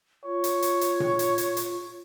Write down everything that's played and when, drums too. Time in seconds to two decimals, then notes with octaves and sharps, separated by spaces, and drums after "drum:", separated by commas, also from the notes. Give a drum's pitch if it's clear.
0.25 F4 C#5
0.44 drum: hi-hat
0.63 drum: hi-hat
0.81 drum: hi-hat
1.00 drum: tom A#2
1.19 drum: hi-hat
1.38 drum: hi-hat
1.57 drum: hi-hat